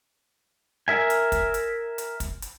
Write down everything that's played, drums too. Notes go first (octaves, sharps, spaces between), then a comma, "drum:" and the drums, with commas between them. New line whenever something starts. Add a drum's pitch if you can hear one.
A#4 E5 G#5
drum: hi-hat
drum: kick, hi-hat
drum: hi-hat
drum: hi-hat
drum: kick, hi-hat
drum: hi-hat